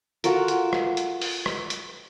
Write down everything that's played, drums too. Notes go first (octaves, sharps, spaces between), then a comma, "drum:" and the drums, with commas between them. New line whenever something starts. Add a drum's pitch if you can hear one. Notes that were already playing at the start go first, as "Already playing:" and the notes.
F4 F#4 A4 A#4, drum: hi-hat
drum: hi-hat
drum: rim click
drum: hi-hat
drum: open hi-hat
drum: rim click
drum: hi-hat